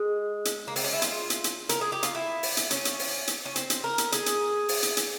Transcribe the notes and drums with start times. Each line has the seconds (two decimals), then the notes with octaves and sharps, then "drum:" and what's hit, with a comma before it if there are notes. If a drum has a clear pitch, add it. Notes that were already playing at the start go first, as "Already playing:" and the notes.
Already playing: G#3
0.45 drum: hi-hat
0.68 A#3
0.76 C4, drum: open hi-hat
0.84 C#4
0.93 E4
1.02 F4, drum: hi-hat
1.30 drum: hi-hat
1.44 drum: hi-hat
1.69 A#4, drum: hi-hat
1.81 G#4
1.92 G4
2.03 F4, drum: hi-hat
2.15 E4
2.43 drum: open hi-hat
2.57 drum: hi-hat
2.71 C#4, drum: hi-hat
2.85 drum: hi-hat
2.99 drum: open hi-hat
3.27 drum: hi-hat
3.46 C#4
3.56 C4, drum: hi-hat
3.70 drum: hi-hat
3.84 A#4
3.98 drum: hi-hat
4.12 G#4, drum: hi-hat
4.26 drum: hi-hat
4.69 drum: open hi-hat
4.83 drum: hi-hat
4.97 drum: hi-hat